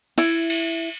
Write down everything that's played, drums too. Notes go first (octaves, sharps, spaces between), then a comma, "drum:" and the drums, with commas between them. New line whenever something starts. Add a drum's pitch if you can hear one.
E4, drum: cymbal
drum: cymbal